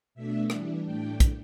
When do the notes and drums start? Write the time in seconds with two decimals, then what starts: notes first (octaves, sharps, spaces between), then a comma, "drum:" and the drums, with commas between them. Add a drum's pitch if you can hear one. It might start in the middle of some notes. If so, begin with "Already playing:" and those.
0.14 B2 A3 D4 E5
0.50 E3 G3 D4, drum: rim click
0.85 A2 A3 D4 G5
1.20 drum: kick, hi-hat